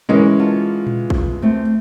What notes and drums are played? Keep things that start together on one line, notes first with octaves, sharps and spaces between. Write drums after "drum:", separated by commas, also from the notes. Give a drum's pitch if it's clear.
E3 G#3 C#4 A#4
F4 F#5 A5
drum: tom A#2
drum: kick
A3 C4